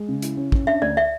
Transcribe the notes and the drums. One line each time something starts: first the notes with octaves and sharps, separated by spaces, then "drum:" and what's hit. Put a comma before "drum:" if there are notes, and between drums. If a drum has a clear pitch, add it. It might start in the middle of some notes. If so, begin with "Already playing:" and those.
Already playing: G#3
C#3
E4, drum: hi-hat
C#4
C#4, drum: kick
D4 E5
D2 D5
E5